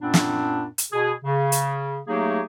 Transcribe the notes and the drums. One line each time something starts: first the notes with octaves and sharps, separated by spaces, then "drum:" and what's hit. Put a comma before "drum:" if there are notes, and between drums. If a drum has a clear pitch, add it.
F#2 A#2 B3 C4 D4
drum: snare
drum: hi-hat
B2 G#4
C#3
drum: hi-hat
F#3 A3 A#3 D#4 G4 G#4